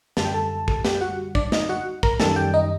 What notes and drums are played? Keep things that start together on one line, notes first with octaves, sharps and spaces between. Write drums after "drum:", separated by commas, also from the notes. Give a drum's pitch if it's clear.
F#2 D3 G3 A5, drum: snare
G5
A4 A5
A4 A5, drum: kick
G4 G5, drum: snare
F#4 F#5
D4 D5, drum: kick
D#4 D#5, drum: snare
F#4 F#5
A#4 A#5, drum: kick
F#2 D#3 G3 A4 A5, drum: snare
G4 G5
D#4 D#5